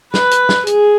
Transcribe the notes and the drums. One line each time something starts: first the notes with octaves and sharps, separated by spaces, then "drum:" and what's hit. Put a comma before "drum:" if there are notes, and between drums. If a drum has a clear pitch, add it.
B4, drum: snare
drum: hi-hat
drum: snare
G#4, drum: hi-hat